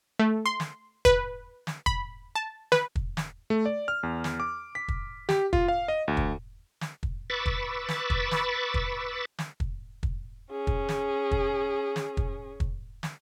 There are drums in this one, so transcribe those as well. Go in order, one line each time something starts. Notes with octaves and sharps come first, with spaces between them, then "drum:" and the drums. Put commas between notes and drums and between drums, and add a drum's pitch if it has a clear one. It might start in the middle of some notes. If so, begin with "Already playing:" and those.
A3
C6
drum: snare
B4, drum: kick
drum: snare
B5, drum: kick
A5
B4, drum: snare
drum: kick
drum: snare
A3
D5
F6
E2
drum: snare
D6
B6
drum: kick
G4, drum: snare
F4, drum: kick
F5
D#5
D2
drum: kick
drum: snare
drum: kick
B4 B5 C#6 D6 E6 A6
drum: kick
drum: snare
drum: kick
drum: snare
drum: kick
drum: snare
drum: kick
drum: kick
C#4 G#4
drum: kick
drum: snare
drum: kick
drum: snare
drum: kick
drum: kick
drum: snare